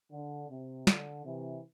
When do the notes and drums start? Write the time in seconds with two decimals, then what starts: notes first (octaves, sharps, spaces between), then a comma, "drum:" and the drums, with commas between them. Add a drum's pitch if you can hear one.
0.12 D3
0.50 C3
0.87 D3, drum: snare
1.25 C3 E3